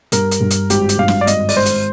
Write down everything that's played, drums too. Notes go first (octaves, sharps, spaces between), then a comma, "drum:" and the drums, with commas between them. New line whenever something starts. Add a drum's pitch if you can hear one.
G2 A#4, drum: hi-hat
drum: hi-hat
G2
drum: hi-hat
G#1 G4, drum: hi-hat
drum: hi-hat
G2 F5
drum: snare
D5
G#1 D#5, drum: hi-hat
D5, drum: open hi-hat
G#1 C5
drum: hi-hat